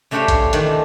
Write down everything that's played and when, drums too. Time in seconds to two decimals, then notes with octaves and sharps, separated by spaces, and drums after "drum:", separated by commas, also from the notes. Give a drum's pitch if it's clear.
0.11 C#3 A3 D4 G4 C5 C#5
0.28 drum: kick A1, hi-hat
0.53 D#3 E3 A3 D4, drum: hi-hat